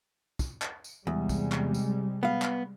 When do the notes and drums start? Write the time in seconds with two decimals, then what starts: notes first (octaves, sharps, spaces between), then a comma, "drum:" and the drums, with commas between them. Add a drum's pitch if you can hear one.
0.39 drum: kick, tambourine
0.62 drum: clap
0.84 drum: tambourine
1.07 E2 C3 G3 G#3
1.29 drum: kick, tambourine
1.52 drum: clap
1.74 drum: tambourine
2.23 B3 F5
2.42 drum: clap